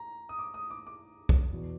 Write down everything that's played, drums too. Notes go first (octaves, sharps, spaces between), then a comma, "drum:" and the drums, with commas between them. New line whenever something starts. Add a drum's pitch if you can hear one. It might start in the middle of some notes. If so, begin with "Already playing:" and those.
Already playing: A#5
D#6
D6
D#6
D6
D6
drum: kick
E2 B2